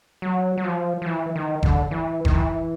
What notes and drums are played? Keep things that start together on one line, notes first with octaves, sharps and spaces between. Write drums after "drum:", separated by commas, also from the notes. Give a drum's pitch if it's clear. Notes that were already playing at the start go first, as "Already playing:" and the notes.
F#3
F#3
F3
F3
E3
D#3
D3, drum: kick F#1
E3
D#3, drum: kick F#1
E3